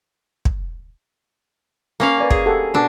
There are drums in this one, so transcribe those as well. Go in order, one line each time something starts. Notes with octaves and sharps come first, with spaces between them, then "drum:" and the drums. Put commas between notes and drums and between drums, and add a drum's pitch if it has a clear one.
drum: kick
A#3 C#4 F5
B4 D5 G#5
G#4, drum: kick
G4 A4 F#5
B2 D4